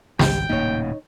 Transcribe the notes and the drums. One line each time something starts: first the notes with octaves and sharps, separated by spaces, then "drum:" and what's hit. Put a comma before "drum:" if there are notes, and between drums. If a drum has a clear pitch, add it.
G#1 C#2 G4 G5, drum: snare
D#1 A2 C#3 A#3 D#4 C#5